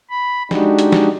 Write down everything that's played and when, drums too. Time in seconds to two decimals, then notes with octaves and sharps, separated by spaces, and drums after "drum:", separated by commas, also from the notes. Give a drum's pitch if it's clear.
0.10 B5
0.51 G#3 D4 D#4 F#4 G4, drum: snare
0.79 drum: hi-hat
0.92 drum: snare